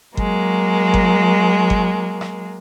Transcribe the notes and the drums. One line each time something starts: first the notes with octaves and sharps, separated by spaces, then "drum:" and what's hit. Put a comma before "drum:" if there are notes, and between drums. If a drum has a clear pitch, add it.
F#3 G#3 A#3, drum: kick G1
drum: kick G1
drum: kick G1
drum: rim click